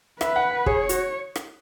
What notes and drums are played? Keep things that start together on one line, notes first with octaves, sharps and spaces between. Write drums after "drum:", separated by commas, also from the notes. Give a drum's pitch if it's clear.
B4 E5, drum: rim click
F#5
F#5
G#4 C#5, drum: kick
F#4, drum: hi-hat
drum: rim click